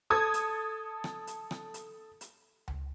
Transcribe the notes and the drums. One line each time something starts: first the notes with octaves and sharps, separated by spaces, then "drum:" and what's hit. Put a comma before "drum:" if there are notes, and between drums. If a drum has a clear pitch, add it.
A4 D#6 G#6
drum: hi-hat
drum: rim click
drum: hi-hat
drum: rim click
drum: hi-hat
drum: hi-hat
drum: tom C#2